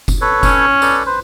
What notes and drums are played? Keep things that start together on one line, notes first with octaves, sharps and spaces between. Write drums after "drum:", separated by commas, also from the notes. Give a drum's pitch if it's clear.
drum: kick F1, tambourine
A4 B4 C#5
C#4, drum: kick F1, tambourine
A4 B4 D5, drum: tambourine
B4 C5